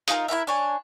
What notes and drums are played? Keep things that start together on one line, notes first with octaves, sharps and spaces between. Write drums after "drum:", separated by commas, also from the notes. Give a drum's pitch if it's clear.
D#4 F4 A4 A#4, drum: hi-hat
E4 F4 A#4 E5
D4 C#5 G#5